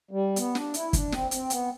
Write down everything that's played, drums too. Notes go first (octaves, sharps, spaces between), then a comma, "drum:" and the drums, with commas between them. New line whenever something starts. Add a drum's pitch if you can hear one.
G3
B3, drum: hi-hat
D4, drum: snare
E4, drum: hi-hat
D4, drum: kick, hi-hat
C4, drum: snare
C4, drum: hi-hat
B3, drum: hi-hat